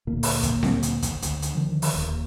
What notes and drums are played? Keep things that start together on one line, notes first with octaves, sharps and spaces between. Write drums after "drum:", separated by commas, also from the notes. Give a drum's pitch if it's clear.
D2 A#2 A#3
drum: open hi-hat
drum: kick, hi-hat
drum: snare C4
drum: hi-hat
drum: kick, hi-hat
D2, drum: hi-hat
drum: hi-hat
D3 D#3 F3
drum: open hi-hat
D#1 D#2